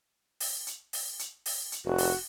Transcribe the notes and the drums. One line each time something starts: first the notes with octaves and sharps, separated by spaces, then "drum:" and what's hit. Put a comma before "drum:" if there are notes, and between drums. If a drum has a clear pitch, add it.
drum: open hi-hat
drum: hi-hat
drum: open hi-hat
drum: hi-hat
drum: open hi-hat
drum: hi-hat
F1 F#4
drum: open hi-hat